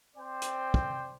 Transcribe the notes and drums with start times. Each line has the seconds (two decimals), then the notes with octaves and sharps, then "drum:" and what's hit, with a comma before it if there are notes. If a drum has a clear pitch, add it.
0.16 C4 C5 D5 G5
0.42 drum: hi-hat
0.74 drum: kick